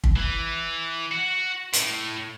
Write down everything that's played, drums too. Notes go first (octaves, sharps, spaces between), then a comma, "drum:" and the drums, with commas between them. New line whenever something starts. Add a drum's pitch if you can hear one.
drum: kick
E3
F#4
A2, drum: hi-hat